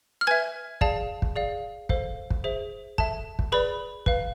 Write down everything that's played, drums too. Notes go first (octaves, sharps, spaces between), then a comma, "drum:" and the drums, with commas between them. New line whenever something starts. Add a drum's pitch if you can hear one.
F6
B4 E5 G#5 G#6
G#4 D5 F5 A5, drum: kick
drum: kick
G#4 D5 F5
A4 C5 F5, drum: kick
drum: kick
G#4 C5 E5
A4 E5 A5, drum: kick
drum: kick
G#4 B4 D5 B5
B4 F5, drum: kick